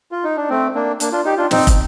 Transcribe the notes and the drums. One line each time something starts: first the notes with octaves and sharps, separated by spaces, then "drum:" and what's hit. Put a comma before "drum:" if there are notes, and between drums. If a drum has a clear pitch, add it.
F4
D#4
D4
A3 C4
A#3 D4
A#3 D4, drum: hi-hat
D4 F4
D#4 G4
D4 F4
C4 D#4, drum: snare
drum: kick, hi-hat